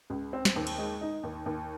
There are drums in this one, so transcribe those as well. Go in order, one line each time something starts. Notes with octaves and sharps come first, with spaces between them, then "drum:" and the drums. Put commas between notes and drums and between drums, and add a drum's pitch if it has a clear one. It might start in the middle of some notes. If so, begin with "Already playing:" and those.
C#2
C4
drum: snare
D#2
drum: cymbal
G#3
D#4
D#2
D#2